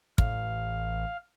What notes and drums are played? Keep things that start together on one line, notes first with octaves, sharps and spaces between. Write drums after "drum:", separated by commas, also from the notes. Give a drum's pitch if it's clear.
A1 F5, drum: kick